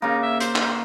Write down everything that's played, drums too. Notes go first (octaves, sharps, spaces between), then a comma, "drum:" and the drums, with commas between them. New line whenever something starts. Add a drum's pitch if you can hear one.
C#3 A#3 D#4
E5
C5, drum: hi-hat
drum: clap